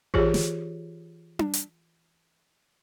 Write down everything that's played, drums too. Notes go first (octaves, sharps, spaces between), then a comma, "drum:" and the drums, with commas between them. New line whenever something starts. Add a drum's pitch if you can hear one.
E3 F4 G4 G#4 C#5, drum: kick A1
drum: snare
drum: tom D4
drum: hi-hat